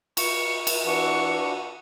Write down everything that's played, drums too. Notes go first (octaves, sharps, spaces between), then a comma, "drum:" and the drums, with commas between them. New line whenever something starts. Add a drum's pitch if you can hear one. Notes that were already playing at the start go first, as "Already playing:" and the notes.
C#6, drum: cymbal
drum: cymbal
E3 D4 F#4 C#6